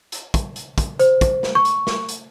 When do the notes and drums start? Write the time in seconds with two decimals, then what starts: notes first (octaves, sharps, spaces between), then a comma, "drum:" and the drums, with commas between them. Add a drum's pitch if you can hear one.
0.12 drum: hi-hat
0.34 drum: kick, hi-hat
0.56 drum: hi-hat
0.78 drum: kick, hi-hat
0.99 C5, drum: hi-hat
1.21 drum: kick, hi-hat
1.43 drum: snare
1.55 C#6
1.65 drum: hi-hat
1.87 drum: snare
2.09 drum: hi-hat